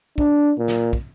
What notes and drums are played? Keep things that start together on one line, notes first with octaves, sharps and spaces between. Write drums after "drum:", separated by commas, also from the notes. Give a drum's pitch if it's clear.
D4, drum: kick
A#2
drum: snare
drum: kick